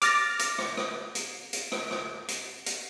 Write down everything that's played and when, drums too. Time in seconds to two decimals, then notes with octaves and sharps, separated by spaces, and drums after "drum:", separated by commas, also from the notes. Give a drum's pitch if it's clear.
0.02 D6 F6 A6 A#6, drum: hi-hat
0.39 drum: hi-hat
0.58 drum: rim click
0.77 drum: rim click
1.15 drum: hi-hat
1.53 drum: hi-hat
1.72 drum: rim click
1.91 drum: rim click
2.28 drum: hi-hat
2.66 drum: hi-hat